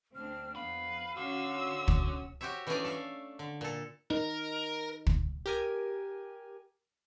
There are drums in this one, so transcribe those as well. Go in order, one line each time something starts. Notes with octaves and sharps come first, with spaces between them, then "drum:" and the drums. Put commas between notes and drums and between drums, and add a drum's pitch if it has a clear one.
D2 C4 D4 F6
F2 B3 B4 F5
D3 C#4 F#4 E6
drum: kick
F#4 G4 C5 C#5 E5
E3 A3 C#4 D4 G#4 D5
A4 E5 F5
D3
A#2 A4
D#4 A#4
drum: kick
G4 A#4 G#5